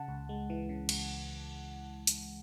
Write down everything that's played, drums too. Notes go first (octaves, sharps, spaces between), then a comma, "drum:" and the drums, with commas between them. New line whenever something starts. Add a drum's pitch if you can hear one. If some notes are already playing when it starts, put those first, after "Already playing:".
Already playing: C#3 F#5 A5
C#2
G#3
E3
C#3
C#2, drum: cymbal
drum: hi-hat